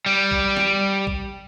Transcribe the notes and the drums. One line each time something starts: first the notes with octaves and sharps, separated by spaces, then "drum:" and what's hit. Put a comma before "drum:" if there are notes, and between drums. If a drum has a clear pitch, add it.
G3
drum: kick
drum: snare
drum: kick